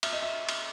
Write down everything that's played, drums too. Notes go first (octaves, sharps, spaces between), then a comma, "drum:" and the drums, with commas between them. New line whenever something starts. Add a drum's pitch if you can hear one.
E5, drum: cymbal
D#5
E5
drum: cymbal